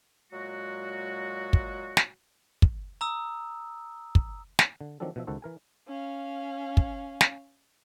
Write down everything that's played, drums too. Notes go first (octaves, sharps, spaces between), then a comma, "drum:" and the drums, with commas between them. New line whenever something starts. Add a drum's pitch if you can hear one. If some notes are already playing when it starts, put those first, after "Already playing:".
A#2 F#3 G#3 F#4
drum: kick
drum: snare
drum: kick
A#5 D#6 E6
drum: kick
drum: snare
D3
D#3 F3 F#3 C4 D4 A4
B2 F3 E5
C#2 D#3 F#4 A4 C5
E3 A#4 G#5
C#4 F5
drum: kick
drum: snare